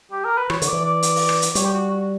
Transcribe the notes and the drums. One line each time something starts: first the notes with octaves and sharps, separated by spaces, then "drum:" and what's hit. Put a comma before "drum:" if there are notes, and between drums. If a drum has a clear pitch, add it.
G4
A#4
B4
E3 C#5, drum: rim click
D3, drum: hi-hat
D5
E3
D5
drum: hi-hat
drum: open hi-hat
drum: rim click
drum: hi-hat
G3 C#5, drum: hi-hat
G4
F#4
F#4